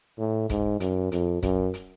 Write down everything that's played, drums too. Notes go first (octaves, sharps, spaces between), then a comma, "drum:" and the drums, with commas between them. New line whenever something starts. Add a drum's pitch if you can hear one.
A2
G#2, drum: kick, hi-hat
F#2, drum: hi-hat
F2, drum: hi-hat
F#2, drum: kick, hi-hat
drum: hi-hat